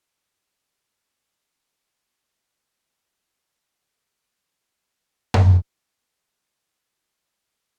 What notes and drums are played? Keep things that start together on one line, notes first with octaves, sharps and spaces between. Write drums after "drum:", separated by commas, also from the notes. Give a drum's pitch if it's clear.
G#1 G#2 F3 C4 F4
C2 A#2 F3
drum: tom F#2
F2 D3 G3 C4